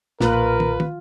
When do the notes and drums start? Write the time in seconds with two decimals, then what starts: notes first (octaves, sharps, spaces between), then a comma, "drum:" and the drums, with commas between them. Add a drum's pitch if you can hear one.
0.21 B1 A#2 F4 A#4 B4, drum: snare
0.60 drum: tom
0.80 drum: tom